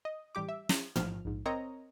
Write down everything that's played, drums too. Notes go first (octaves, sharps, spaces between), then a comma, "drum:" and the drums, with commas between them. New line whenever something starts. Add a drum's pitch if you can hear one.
D#5
A1 G3 G4 D6
E5
drum: snare
A1 F3 F6, drum: tom
A#1 G#2
C4 A#4 C#5 D#5 A#5